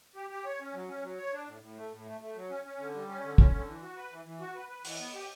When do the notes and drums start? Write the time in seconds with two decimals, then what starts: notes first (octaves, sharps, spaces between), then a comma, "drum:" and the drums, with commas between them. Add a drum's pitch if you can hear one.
0.16 G4
0.30 G4
0.45 C#5
0.60 C#4
0.74 F#3
0.89 C#4
1.03 F#3
1.18 C#5
1.33 D4
1.48 A2
1.62 A2
1.77 A3
1.91 A2
2.06 A3
2.21 A3
2.35 F#3
2.50 C#4
2.65 C#4
2.79 D3
2.94 G3
3.08 C#4
3.23 D3
3.38 C#4, drum: kick
3.52 D3
3.67 E3
3.82 F#4
3.97 B4
4.12 E3
4.25 E3
4.40 F#4
4.55 B4
4.70 B4
4.85 E3, drum: open hi-hat
4.99 B3
5.14 G4